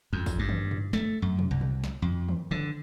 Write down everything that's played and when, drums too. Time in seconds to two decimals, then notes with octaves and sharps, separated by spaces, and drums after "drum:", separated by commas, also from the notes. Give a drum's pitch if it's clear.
0.13 F2
0.26 drum: kick, tambourine
0.39 G2
0.49 drum: tom
0.71 drum: tom
0.93 A3, drum: snare
1.22 F#2
1.39 drum: tom
1.51 C2
1.61 drum: tom
1.84 drum: snare
2.02 F2
2.29 drum: tom
2.51 D3, drum: tom